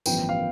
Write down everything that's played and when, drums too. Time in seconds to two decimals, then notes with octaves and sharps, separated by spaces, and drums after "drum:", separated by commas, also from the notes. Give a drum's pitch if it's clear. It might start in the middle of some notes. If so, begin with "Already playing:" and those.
0.06 A1 G2 D3 F3 B3 G5, drum: tambourine
0.29 F5